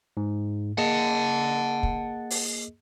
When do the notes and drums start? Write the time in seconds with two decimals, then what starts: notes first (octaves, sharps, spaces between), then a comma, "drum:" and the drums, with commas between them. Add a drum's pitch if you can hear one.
0.17 G#2
0.78 A#3 G#4 D#5 F#5 A5
1.83 drum: kick
2.30 drum: open hi-hat